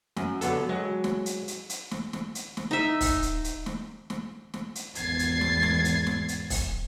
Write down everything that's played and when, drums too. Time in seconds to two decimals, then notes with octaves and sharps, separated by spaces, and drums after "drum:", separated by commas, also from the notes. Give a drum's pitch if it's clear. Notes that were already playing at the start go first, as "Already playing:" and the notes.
0.17 F#2, drum: snare
0.41 D3 F#3 B3 A4, drum: hi-hat
0.69 F#3 G#3
1.04 drum: snare
1.26 drum: hi-hat
1.48 drum: hi-hat
1.69 drum: hi-hat
1.91 drum: snare
2.13 drum: snare
2.35 drum: hi-hat
2.57 drum: snare
2.71 D#4 E5
3.01 drum: kick, open hi-hat
3.22 drum: hi-hat
3.44 drum: hi-hat
3.66 drum: snare
4.10 drum: snare
4.54 drum: snare
4.75 drum: hi-hat
4.95 G#1 E2 G#6 A6 C7, drum: hi-hat
5.19 drum: hi-hat
5.41 drum: snare
5.63 drum: snare
5.85 drum: hi-hat
6.07 drum: snare
6.28 drum: hi-hat
6.50 drum: kick, open hi-hat